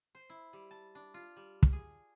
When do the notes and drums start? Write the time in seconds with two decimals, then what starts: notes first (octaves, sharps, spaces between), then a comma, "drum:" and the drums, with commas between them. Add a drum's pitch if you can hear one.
0.15 C5
0.30 E4
0.53 G3
0.71 A5
0.95 D4
1.14 F4
1.36 G3
1.63 drum: kick
1.73 G#4